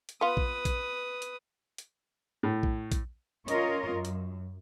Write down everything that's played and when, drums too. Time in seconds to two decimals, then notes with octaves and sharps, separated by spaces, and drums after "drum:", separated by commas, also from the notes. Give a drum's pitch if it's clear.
0.09 drum: hi-hat
0.21 B3 F4 B4 D#6
0.37 drum: kick A#1
0.65 drum: kick A#1, hi-hat
1.22 drum: hi-hat
1.78 drum: hi-hat
2.43 A2
2.63 drum: kick A#1
2.92 drum: kick A#1, hi-hat
3.48 C#4 F4 A#4 C#5 D#5, drum: hi-hat
3.93 F#2
4.05 drum: hi-hat